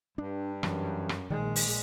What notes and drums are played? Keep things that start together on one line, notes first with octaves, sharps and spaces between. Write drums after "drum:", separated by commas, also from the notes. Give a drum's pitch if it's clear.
G2 D4
F#2 E3 F#3, drum: rim click
drum: rim click
A#1 D#3 G#3
drum: open hi-hat